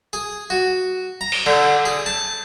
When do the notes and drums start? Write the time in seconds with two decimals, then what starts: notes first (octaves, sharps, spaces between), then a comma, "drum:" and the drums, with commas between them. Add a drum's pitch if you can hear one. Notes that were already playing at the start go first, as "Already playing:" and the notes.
0.13 G#4
0.50 F#4
1.21 A#5
1.32 drum: open hi-hat
1.46 D3, drum: cymbal
1.86 G#4
2.06 A5